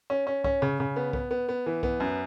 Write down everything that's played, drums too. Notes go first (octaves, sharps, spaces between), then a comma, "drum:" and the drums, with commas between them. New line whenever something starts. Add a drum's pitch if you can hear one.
C#4
C#4
C#4, drum: kick C2
C#3
C#3
B3
B3, drum: kick C2
B3
B3
E3
B3, drum: kick C2
F#2